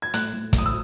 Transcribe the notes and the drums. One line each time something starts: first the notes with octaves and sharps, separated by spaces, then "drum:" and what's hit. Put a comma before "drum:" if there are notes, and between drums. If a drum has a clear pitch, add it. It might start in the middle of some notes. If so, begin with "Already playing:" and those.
G#6
A2 F#6, drum: hi-hat
A2
A2, drum: kick, hi-hat
D#6
E6